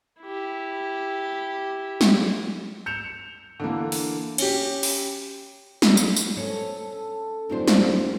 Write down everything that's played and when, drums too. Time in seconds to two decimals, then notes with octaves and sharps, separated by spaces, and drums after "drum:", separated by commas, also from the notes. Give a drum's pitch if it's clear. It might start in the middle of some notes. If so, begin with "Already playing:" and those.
0.21 E4 G4
2.01 drum: snare
2.86 G6 C#7 E7 F7
3.60 D3 E3 A#3
3.92 drum: open hi-hat
4.38 C#4 G4, drum: cymbal
4.83 drum: open hi-hat
5.82 drum: snare
5.97 drum: tambourine
6.16 drum: tambourine
6.37 C#4 A4
7.50 D#1 F#2 D4 C5
7.68 drum: snare